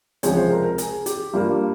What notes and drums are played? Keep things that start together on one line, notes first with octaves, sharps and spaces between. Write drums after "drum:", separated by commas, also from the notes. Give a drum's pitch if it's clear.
C#2 C3 F3 G#3 C#5, drum: hi-hat
C5
A#4
A#4
G#4, drum: hi-hat
G4, drum: hi-hat
G2 G3 A#3 F4